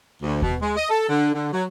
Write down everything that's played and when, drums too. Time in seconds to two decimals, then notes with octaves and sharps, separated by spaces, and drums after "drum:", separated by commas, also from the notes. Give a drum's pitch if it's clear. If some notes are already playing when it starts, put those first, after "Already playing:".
0.23 D2
0.42 B2, drum: kick D#2
0.61 G#3
0.77 D#5
0.90 A4
1.09 D3
1.34 D3
1.52 F#3